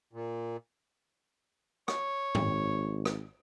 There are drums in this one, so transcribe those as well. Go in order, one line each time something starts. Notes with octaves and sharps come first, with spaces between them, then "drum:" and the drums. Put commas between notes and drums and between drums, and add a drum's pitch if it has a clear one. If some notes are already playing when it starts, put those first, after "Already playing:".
A#2
C#5, drum: rim click
G#1, drum: tom
drum: rim click